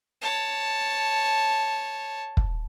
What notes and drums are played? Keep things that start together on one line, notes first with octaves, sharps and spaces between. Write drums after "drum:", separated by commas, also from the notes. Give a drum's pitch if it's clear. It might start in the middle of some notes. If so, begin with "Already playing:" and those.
C#5 A5
drum: kick